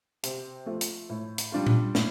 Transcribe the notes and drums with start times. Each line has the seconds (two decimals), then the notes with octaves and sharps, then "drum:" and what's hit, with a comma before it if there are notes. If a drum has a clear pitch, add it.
0.23 C3, drum: hi-hat
0.66 F3 A3
0.81 drum: hi-hat
1.10 A2
1.38 drum: hi-hat
1.52 G3 D4 F4
1.67 drum: tom A#2
1.95 A2, drum: snare